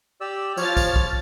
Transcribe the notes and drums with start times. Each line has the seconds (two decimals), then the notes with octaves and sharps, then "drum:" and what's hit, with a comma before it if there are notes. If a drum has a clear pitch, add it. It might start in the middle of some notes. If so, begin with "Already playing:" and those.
0.21 G4 D5 E6
0.57 F3 C#5 F6 A6, drum: tambourine
0.77 drum: kick, tambourine
0.96 drum: kick